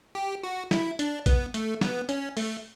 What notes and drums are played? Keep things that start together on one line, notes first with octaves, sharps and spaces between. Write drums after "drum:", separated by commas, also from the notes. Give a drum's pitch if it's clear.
G4
F#4
E4, drum: snare
D4, drum: hi-hat
B3, drum: kick, hi-hat
A3, drum: hi-hat
B3, drum: snare
C#4, drum: hi-hat
A3, drum: open hi-hat